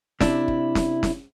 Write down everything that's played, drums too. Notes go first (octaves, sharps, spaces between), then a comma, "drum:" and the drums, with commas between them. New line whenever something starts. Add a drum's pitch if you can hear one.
C3 D4 E4, drum: snare
drum: kick
drum: snare
drum: snare